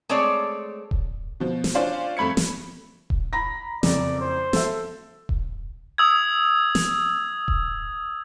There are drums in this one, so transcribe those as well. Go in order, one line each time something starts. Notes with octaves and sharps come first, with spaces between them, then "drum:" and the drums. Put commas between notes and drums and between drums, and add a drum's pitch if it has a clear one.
G#3 A3 C4 C#5 D5
drum: kick D#1
B2 F3
drum: snare
C#4 D4 F4 C5 D5
F2 A3 B5 G#6 C#7
drum: snare
drum: kick D#1
A#5 B5 A#6
F#1 F2 D5, drum: snare
C5
A4 E5, drum: snare
drum: kick D#1
D#6 E6 G#6
drum: snare
drum: kick D#1